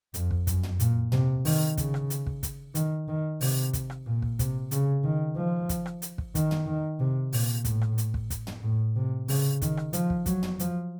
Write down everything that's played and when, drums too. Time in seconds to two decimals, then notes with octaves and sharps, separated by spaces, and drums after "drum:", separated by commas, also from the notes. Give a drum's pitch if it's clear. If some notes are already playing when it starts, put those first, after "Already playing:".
0.14 F2, drum: hi-hat
0.31 drum: kick
0.47 F#2, drum: kick, hi-hat
0.63 drum: tom
0.80 A#2, drum: hi-hat
1.12 C3, drum: tom
1.45 D#3, drum: open hi-hat
1.77 C#3, drum: kick, hi-hat
1.94 drum: rim click
2.10 drum: hi-hat
2.26 drum: kick
2.43 drum: kick, hi-hat
2.75 D#3, drum: hi-hat
3.08 D#3
3.41 C3, drum: open hi-hat
3.73 drum: kick, hi-hat
3.90 drum: rim click
4.06 A#2
4.22 drum: kick
4.39 C3, drum: kick, hi-hat
4.71 C#3, drum: hi-hat
5.04 D#3
5.36 F3
5.69 drum: kick, hi-hat
5.86 drum: rim click
6.02 drum: hi-hat
6.18 drum: kick
6.35 D#3, drum: kick, hi-hat
6.51 drum: tom
6.67 D#3
7.00 C3
7.33 A#2, drum: open hi-hat
7.65 A2, drum: kick, hi-hat
7.81 drum: rim click
7.98 drum: hi-hat
8.14 drum: kick
8.30 drum: kick, hi-hat
8.47 drum: tom
8.63 A2
8.96 C3
9.28 C#3, drum: open hi-hat
9.62 D#3, drum: kick, hi-hat
9.77 drum: rim click
9.93 F3, drum: hi-hat
10.10 drum: kick
10.26 F#3, drum: kick, hi-hat
10.43 drum: tom
10.59 F3, drum: hi-hat